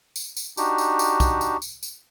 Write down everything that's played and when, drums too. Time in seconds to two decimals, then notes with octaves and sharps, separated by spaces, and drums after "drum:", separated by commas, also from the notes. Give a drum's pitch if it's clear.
0.16 drum: tambourine
0.37 drum: tambourine
0.57 D4 D#4 F#4 G4, drum: tambourine
0.78 drum: tambourine
0.99 drum: tambourine
1.20 drum: kick B1, tambourine
1.41 drum: tambourine
1.62 drum: tambourine
1.83 drum: tambourine